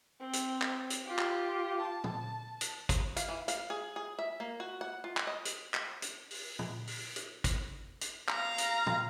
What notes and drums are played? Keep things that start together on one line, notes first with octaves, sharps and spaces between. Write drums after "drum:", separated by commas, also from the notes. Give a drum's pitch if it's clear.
C4
drum: hi-hat
drum: clap
drum: hi-hat
F4 G4
drum: clap
A5
drum: tom
drum: hi-hat
drum: kick, hi-hat
F5, drum: hi-hat
E3
F5, drum: hi-hat
G#4
G#4
E5
A#3
F#4
F#5
F4
drum: clap
D#5
drum: hi-hat
drum: clap
drum: hi-hat
drum: open hi-hat
drum: tom
drum: open hi-hat
drum: hi-hat
drum: kick, hi-hat
drum: hi-hat
F5 A#5, drum: clap
drum: hi-hat
drum: tom